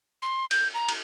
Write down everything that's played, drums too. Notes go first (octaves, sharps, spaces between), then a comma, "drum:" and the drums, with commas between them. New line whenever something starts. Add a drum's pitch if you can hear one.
C6
G6, drum: cymbal
A#5
drum: cymbal